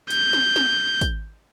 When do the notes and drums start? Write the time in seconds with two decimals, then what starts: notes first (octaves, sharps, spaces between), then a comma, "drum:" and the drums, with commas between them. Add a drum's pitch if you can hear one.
0.10 G6, drum: hi-hat
0.33 drum: snare
0.56 drum: snare
1.01 drum: kick, hi-hat